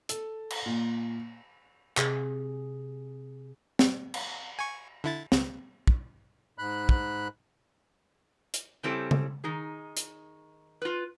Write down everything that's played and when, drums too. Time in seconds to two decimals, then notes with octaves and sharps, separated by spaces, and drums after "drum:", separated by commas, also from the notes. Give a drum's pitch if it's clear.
0.09 A4, drum: hi-hat
0.50 drum: cymbal
0.66 A#2
1.97 C3 G#4, drum: clap
3.79 drum: snare
4.14 drum: cymbal
4.59 G#5 C#6
5.04 D3 E4 A6
5.32 C#2, drum: snare
5.87 drum: kick
6.58 G#2 B5 F#6
6.89 drum: kick
8.54 drum: hi-hat
8.83 C#3 G3 C4 E4 G4 A4
9.11 drum: tom C#3
9.44 D#3 D#4 G#4
9.97 drum: hi-hat
10.82 F4 B4